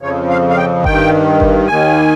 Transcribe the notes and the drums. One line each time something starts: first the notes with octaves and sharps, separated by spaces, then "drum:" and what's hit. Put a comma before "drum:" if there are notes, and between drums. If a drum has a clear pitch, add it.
F2 C#3 F3 C#5
F5
F5
G5
G2 D#3 G5, drum: kick G1
drum: kick G1
D#2 D#3 G#5